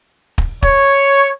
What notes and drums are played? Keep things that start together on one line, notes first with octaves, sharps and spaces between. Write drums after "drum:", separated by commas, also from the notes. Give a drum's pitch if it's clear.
drum: kick
C#5, drum: kick